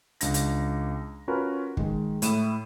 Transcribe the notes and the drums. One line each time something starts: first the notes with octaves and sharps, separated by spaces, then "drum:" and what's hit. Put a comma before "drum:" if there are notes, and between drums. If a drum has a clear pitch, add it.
C#2 D4 A#6, drum: hi-hat
drum: hi-hat
C#4 F4 F#4 A#4 B4
D#3 G#3, drum: kick
A2 E4 D#7 E7, drum: hi-hat